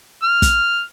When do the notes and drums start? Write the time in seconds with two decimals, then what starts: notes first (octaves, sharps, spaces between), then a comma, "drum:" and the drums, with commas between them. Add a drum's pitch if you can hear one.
0.23 F6
0.42 drum: kick, hi-hat